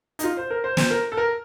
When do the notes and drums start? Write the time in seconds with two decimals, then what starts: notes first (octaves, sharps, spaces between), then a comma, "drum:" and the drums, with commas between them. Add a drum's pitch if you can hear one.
0.19 D#4, drum: hi-hat
0.24 F4
0.37 C5
0.51 A#4
0.64 C5
0.77 C5, drum: snare
0.91 A#4
1.12 A4
1.17 A#4